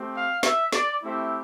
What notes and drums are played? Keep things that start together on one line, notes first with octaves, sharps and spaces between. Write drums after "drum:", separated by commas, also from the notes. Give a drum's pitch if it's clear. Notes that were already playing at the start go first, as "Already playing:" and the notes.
Already playing: A3 C4 G4
F5
E5, drum: snare
D5, drum: snare
A3 C4 E4 G4 E5